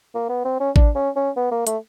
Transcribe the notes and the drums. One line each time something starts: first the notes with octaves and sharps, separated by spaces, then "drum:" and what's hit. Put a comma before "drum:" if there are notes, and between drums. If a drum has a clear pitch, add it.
A#3
B3
C4
C#4
D4, drum: kick A1
C#4
C#4
B3
A#3
A3, drum: hi-hat